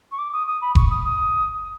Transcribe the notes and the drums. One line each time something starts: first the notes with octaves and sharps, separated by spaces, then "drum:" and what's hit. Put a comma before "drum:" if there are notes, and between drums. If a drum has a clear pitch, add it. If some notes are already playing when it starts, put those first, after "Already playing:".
C#6
D6
D#6
D#6
B5
C#6, drum: kick F1
D#6
D#6